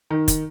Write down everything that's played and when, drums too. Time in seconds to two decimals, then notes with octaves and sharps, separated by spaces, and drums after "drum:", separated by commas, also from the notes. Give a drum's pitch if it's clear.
0.10 D#3
0.28 drum: kick, hi-hat